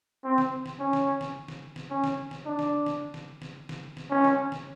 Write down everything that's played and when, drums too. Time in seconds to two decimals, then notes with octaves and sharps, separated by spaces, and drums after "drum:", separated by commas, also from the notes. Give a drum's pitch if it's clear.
0.24 C4
0.38 drum: snare
0.66 drum: snare
0.80 C#4
0.93 drum: snare
1.21 drum: snare
1.48 drum: snare
1.76 drum: snare
1.90 C#4
2.04 drum: snare
2.31 drum: snare
2.45 D4
2.59 drum: snare
2.86 drum: snare
3.14 drum: snare
3.42 drum: snare
3.69 drum: snare
3.97 drum: snare
4.10 C#4
4.24 drum: snare
4.52 drum: snare